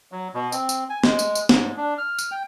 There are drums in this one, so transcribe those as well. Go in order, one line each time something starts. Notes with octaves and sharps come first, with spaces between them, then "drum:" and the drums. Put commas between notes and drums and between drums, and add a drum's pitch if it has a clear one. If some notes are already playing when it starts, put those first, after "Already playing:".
F#3
B2
C4, drum: tambourine
drum: tambourine
G#5
G#3, drum: snare
drum: tambourine
drum: tambourine
G#2, drum: snare
D4
F6
drum: tambourine
G5